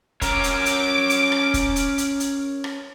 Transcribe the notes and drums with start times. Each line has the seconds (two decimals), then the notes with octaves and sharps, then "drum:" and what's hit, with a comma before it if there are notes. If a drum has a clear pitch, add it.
0.22 C#4 A#4 D6, drum: kick, hi-hat
0.44 drum: hi-hat
0.66 drum: hi-hat
1.10 drum: hi-hat
1.32 drum: rim click
1.54 drum: kick, hi-hat
1.76 drum: hi-hat
1.98 drum: hi-hat
2.20 drum: hi-hat
2.64 drum: rim click